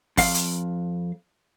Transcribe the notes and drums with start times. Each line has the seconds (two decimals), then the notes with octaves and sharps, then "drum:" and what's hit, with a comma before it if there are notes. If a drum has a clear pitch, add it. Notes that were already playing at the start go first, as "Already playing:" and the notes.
0.17 F2 F5, drum: kick, open hi-hat
0.34 drum: hi-hat